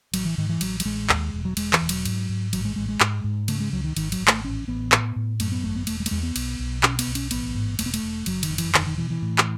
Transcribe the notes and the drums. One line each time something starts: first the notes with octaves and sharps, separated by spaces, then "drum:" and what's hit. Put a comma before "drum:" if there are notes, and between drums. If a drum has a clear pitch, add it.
A1 F#3, drum: cymbal
E3
G#2 D#3
E3
A1 F#3, drum: cymbal
F#3, drum: cymbal
A1 G#3
D#2, drum: clap
E1
F#3
E1 G#3, drum: cymbal
E3, drum: clap
E1
F#3, drum: cymbal
G#2, drum: cymbal
G#2
A1 F#3, drum: cymbal
G#3
A1 G#3
G#3
G#2, drum: clap
G#2
C#3 A3, drum: cymbal
G#3
C#2 F#3
D#3
G#1 D#3, drum: cymbal
F#3, drum: cymbal
G#1
A3, drum: clap
A1 C#4
A1 B3
A2, drum: clap
A2
F#2 A3, drum: cymbal
B3
G#1 A3
B3
E1 A3, drum: cymbal
G#3
A3, drum: cymbal
E2 G#3
B3
B1, drum: cymbal
B1
B2 C#4, drum: clap
B3, drum: cymbal
B1
C#4, drum: cymbal
A1 B3, drum: cymbal
G#2
E1 A3, drum: cymbal
B3
A3, drum: cymbal
E1
F#1 F#3, drum: cymbal
D#3, drum: cymbal
F#2
E3, drum: cymbal
E1 D#3, drum: clap
D#3
B2 E3
E3
A2
drum: clap